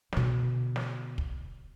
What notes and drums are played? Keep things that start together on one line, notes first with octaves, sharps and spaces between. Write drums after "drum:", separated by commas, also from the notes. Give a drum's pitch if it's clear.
B2 D3, drum: snare
drum: snare
drum: kick